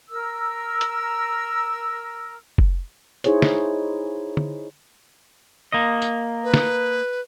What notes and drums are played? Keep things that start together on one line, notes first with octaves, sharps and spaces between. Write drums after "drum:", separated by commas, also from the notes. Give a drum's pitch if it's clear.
A#4 E6
drum: hi-hat
drum: kick
D#4 E4 G#4 C5 C#5, drum: hi-hat
drum: snare
drum: tom
A#3 D#5
drum: tambourine
B4
drum: snare